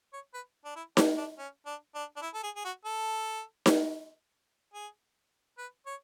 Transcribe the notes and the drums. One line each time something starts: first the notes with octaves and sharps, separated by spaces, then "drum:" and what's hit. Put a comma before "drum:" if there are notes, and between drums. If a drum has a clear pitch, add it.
C#5
B4
D4
E4
D4, drum: snare D#4
D4
C#4
D4
D4
D4
E4
A4
G#4
G#4
F#4
A4
drum: snare D#4
G#4
B4
C#5